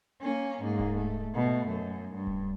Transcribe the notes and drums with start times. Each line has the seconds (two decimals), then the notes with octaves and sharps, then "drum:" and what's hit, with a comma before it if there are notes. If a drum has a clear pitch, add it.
0.21 A#3 C#4
0.61 G#2 A#3
0.79 drum: kick D1
0.96 A3
1.35 B2 A3
1.68 F#2
2.15 G2
2.27 drum: kick D1